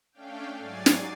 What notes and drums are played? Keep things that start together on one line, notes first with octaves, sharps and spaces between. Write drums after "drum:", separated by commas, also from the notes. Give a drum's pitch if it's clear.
A3 C#4 D4 F5 G5
G#2 F#3 D5 G#5 A6 C7
drum: snare